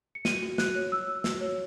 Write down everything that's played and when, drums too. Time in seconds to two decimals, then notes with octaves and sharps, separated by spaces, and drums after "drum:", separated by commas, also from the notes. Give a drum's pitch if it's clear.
0.15 C#7
0.25 F#4 D#7, drum: snare
0.42 F#4
0.58 F#4 F#6, drum: snare
0.75 C#5
0.91 C#5 E6
1.07 F#4
1.24 F#4, drum: snare
1.41 C#5